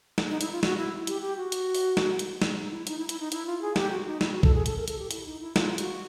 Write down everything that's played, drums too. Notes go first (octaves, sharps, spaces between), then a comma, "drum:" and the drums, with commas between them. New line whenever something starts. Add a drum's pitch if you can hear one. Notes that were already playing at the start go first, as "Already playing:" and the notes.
drum: snare
D#4
E4, drum: hi-hat
F4
F#4, drum: snare
E4
G4, drum: hi-hat
G4
F#4
drum: hi-hat
drum: open hi-hat
drum: snare
drum: hi-hat
E4, drum: snare
D#4
E4
D#4, drum: hi-hat
E4
E4, drum: hi-hat
D#4
E4, drum: hi-hat
F4
G#4
G4, drum: snare
F#4
D#4
E4, drum: snare
F#4
A4, drum: kick
G#4
A4, drum: hi-hat
A#4
A4, drum: hi-hat
G4
E4, drum: hi-hat
D#4
E4
F4, drum: snare
F#4, drum: hi-hat